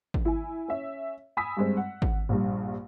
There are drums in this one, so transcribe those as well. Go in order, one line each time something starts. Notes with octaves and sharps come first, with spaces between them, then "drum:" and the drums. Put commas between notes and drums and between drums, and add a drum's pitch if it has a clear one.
drum: kick G#1
E4 G#5
C#4 E5
G#5 B5 D#6 E6 B6
G2 G#3 C4
F#5
drum: kick G#1
A#1 G2